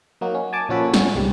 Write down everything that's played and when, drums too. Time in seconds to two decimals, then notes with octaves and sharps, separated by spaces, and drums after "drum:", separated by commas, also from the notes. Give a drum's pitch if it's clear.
0.21 F#3 A#3 D#4 F#4
0.35 C#4
0.53 G#5 A5 D6
0.69 A#2 F3 C#4 F#4 A4 B5
0.94 C#4, drum: snare
1.15 C2 G#2 G3